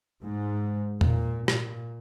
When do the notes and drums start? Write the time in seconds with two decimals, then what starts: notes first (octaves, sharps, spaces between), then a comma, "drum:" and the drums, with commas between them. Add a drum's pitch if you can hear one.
0.22 G#2
1.01 A#2, drum: tom E2
1.48 A#2, drum: rim click